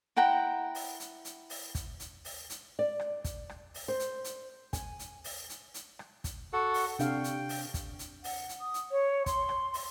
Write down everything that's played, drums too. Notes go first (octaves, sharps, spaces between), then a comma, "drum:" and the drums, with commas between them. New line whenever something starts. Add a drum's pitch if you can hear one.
E4 F#5 G5 A#5
drum: open hi-hat
drum: hi-hat
drum: hi-hat
drum: open hi-hat
drum: kick, hi-hat
drum: hi-hat
drum: open hi-hat
drum: hi-hat
D5
drum: rim click
drum: kick, hi-hat
drum: rim click
drum: open hi-hat
C5
drum: hi-hat
drum: hi-hat
G#5, drum: kick, hi-hat
drum: hi-hat
drum: open hi-hat
drum: hi-hat
drum: hi-hat
drum: rim click
drum: kick, hi-hat
F#4 A4 F#5
drum: open hi-hat
C3 D4 F5 G5, drum: hi-hat
drum: hi-hat
drum: open hi-hat
drum: kick, hi-hat
drum: hi-hat
F#5, drum: open hi-hat
drum: hi-hat
D#6
drum: hi-hat
C#5
C6, drum: kick, hi-hat
drum: rim click
drum: open hi-hat